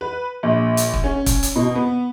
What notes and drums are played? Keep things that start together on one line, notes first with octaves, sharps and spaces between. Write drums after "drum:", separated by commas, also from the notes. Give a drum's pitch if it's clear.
B4
A#1
drum: hi-hat
drum: kick
C#4
drum: kick, hi-hat
drum: hi-hat
B2
B3